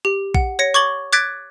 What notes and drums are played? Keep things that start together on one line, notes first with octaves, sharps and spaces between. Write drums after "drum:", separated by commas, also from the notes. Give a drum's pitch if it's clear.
G4
F#5, drum: kick A#1
C#5 A#6 C#7
C#6 D6 G#6 A6 F#7 G7
D6 F#6 G#6 A6 B6 D7